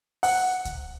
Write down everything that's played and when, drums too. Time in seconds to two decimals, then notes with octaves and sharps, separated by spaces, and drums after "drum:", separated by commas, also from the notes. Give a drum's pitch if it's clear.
0.23 F#5, drum: open hi-hat
0.65 drum: kick C#2, hi-hat